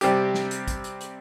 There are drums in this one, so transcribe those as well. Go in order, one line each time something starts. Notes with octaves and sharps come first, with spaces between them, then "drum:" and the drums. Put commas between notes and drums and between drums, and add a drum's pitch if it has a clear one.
C3 G3 C4 G4, drum: hi-hat
drum: snare
drum: hi-hat
drum: kick, hi-hat
drum: hi-hat
drum: hi-hat